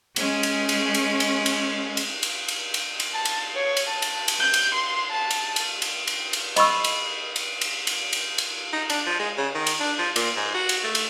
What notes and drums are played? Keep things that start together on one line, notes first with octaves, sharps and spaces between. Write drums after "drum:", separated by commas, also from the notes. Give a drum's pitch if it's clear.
G#3 C#4, drum: cymbal
drum: cymbal
drum: cymbal
drum: cymbal
drum: cymbal
drum: cymbal
drum: cymbal
drum: cymbal
drum: cymbal
drum: cymbal
drum: cymbal
A5
drum: cymbal
C#5
drum: cymbal
A5
drum: cymbal
drum: cymbal
G6
drum: cymbal
C6
A5
drum: cymbal
drum: cymbal
drum: cymbal
drum: cymbal
drum: cymbal
D#5 B5 C#6 E6, drum: cymbal
drum: cymbal
drum: cymbal
drum: cymbal
drum: cymbal
drum: cymbal
drum: cymbal
D#4
D4, drum: cymbal
F3
G#3
C#3
D#3
drum: cymbal
D4
F3
A#2, drum: cymbal
G#2
F#4
drum: cymbal
A3
drum: cymbal